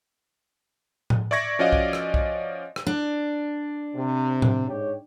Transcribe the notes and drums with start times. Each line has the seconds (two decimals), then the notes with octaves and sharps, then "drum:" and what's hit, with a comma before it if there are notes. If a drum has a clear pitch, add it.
1.10 drum: tom A2
1.31 D5 E5 C#6 G#6 A#6
1.59 F3 C#4 F#4 D5 D#5 F5
1.73 drum: kick B1
1.93 drum: rim click
2.14 drum: kick B1
2.76 drum: rim click
2.87 D4
3.94 C3
4.42 drum: tom A2
4.68 G#2 G4 C#5